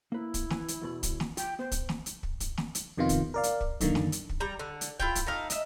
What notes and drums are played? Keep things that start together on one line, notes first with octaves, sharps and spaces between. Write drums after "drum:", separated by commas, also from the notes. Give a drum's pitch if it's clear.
A#3 E4 B4
drum: kick, hi-hat
E3 B4 G#5, drum: snare
drum: hi-hat
E2 B2 B5
drum: kick, hi-hat
drum: snare
F4 G5, drum: hi-hat
B3 C5
drum: kick, hi-hat
drum: snare
drum: hi-hat
drum: kick
drum: kick, hi-hat
drum: snare
drum: hi-hat
F2 C3 D#3 B3 F4
drum: kick, hi-hat
A#4 D5 F5
drum: hi-hat
drum: kick
F#2 D3 D#3 A#3, drum: kick, hi-hat
drum: snare
drum: hi-hat
drum: kick
G3 A#5
D3
drum: hi-hat
E4 F4 G5, drum: kick
drum: kick, hi-hat
A3 D#4 F5
D#5 E5, drum: hi-hat